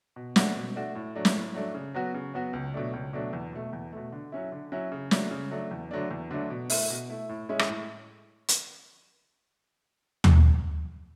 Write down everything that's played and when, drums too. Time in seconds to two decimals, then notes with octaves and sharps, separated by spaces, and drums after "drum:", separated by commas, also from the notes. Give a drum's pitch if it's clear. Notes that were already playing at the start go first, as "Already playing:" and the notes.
0.16 B2
0.36 A3 D4 F#4, drum: snare
0.56 B2
0.75 A3 D4 F#4
0.95 A2
1.15 F#3 A3 D4
1.25 drum: snare
1.35 A2
1.54 F#3 A3 D4
1.75 C#3
1.95 F#3 B3 F#4
2.14 C#3
2.34 F#3 B3 F#4
2.53 C#2
2.74 B2 F#3 A3 D4
2.93 C#2
3.13 B2 F#3 A3 D4
3.33 E2
3.53 B2 A3
3.73 E2
3.93 B2 A3
4.12 D3
4.32 F#3 C#4 E4
4.52 D3
4.72 F#3 C#4 E4
4.92 C#3
5.11 F#3 A3 D4, drum: snare
5.31 C#3
5.51 F#3 A3 D4
5.71 E2
5.91 D3 F#3 A3 D4
6.11 E2
6.31 D3 F#3 A3 D4
6.50 B2
6.70 A3 E4, drum: open hi-hat
6.90 B2
7.10 A3 E4
7.29 A2
7.49 G#3 C#4 E4
7.59 drum: rim click
7.69 A2
8.48 drum: hi-hat
10.24 drum: tom D#2